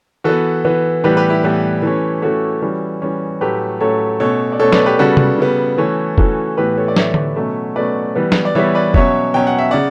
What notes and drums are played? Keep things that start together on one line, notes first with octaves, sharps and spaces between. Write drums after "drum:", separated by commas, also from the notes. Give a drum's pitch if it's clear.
E3 B3 F#4 A4
E3 B3
A2 E3 G3 B3 G4 B4
G4 B4
E4 G4
A2 E3 G3 B3
E3 A3 C#4
E3 A3 C#4 F#4 A4
E3 G3 C#4
E3 G3 C#4
A2 F#3 A3 C#4 G4 B4
A2 F#3 A3 C#4 A4 C#5
B2 A3 C#4 A4 C#5
D5
B2 A3 C#4 A4 C#5
B4 D5, drum: snare
G4 B4
C#3 G3 B3 F#4 A4
drum: tom C3
C#3 G3 B3
E3 A3 C#4
E3 A3 C#4 F#4 A4, drum: kick F1
A2 E3 B3 G4 B4
A4 C#5
D5
A2 E3 B3 C#5 E5, drum: snare
drum: tom D3
B2 F#3 A3 C#4
B2 F#3 A3 C#4 B4 D5
E3 G3 B3
drum: snare
D5
E3 G3 B3 C#5 E5
B4 D5
B2 F#3 C#4 C#5 E5, drum: kick F1
B2 F#3 C#4 G5
F#5
E5
C#3 D5 F#5